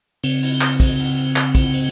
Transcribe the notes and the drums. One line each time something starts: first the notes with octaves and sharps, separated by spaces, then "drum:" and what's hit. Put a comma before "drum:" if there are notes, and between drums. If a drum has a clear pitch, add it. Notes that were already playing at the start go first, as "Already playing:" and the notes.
C#3 C4, drum: cymbal
drum: cymbal
drum: clap
drum: kick, cymbal
drum: cymbal
drum: clap
drum: kick, cymbal
drum: cymbal